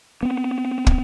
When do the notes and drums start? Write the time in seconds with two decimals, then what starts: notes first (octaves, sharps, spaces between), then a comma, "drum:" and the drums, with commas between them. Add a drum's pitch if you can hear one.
0.23 B3 C4
0.87 drum: kick